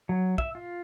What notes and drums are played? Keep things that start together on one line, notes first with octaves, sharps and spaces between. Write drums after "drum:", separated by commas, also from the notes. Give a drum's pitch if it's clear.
F#3
E5, drum: kick
F4